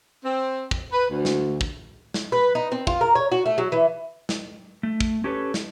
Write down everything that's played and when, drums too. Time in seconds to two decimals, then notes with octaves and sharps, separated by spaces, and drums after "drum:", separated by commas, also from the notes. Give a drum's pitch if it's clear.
0.25 C4
0.71 drum: kick
0.91 B4
1.09 D2
1.25 drum: snare
1.61 drum: kick
2.14 drum: snare
2.32 B4
2.55 D#4
2.72 C4
2.87 F4, drum: kick
3.01 A#4
3.15 C#5
3.32 F#4
3.46 A3
3.58 F#3
3.72 E3
4.29 drum: snare
4.83 A3
5.00 drum: kick
5.24 C#4 G4 A4 B4 C#5
5.54 drum: snare